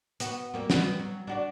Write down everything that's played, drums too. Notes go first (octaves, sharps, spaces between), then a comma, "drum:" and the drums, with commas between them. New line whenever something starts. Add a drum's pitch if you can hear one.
B3 F#4, drum: hi-hat
G3 A#3 C4
G3 B3 B4, drum: snare
F#3
D4 F#4 D5